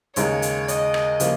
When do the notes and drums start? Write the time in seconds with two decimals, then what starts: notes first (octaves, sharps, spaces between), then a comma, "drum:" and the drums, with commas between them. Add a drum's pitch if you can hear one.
0.16 D#2 C#3 G#3 D#4 C#5, drum: hi-hat
0.42 drum: hi-hat
0.68 D#5, drum: hi-hat
0.94 drum: rim click
1.20 C#3 F3 A#3, drum: hi-hat